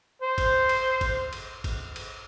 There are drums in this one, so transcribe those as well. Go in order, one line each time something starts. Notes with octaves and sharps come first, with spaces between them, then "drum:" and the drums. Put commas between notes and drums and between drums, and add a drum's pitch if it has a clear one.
C5
drum: kick G#1, cymbal
drum: cymbal
drum: kick G#1, cymbal
drum: cymbal
drum: kick G#1, cymbal
drum: cymbal